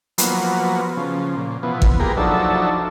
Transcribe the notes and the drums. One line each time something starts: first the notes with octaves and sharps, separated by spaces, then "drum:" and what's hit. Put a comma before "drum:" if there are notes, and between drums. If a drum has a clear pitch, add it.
F3 F#3 A#3 B3, drum: hi-hat
C#3 F3
A#2
B2 E3 F3 B3
drum: kick
A#3 F4 G4 G#4 A#4 B4
F3 F#3 D4 D#4 A4 E5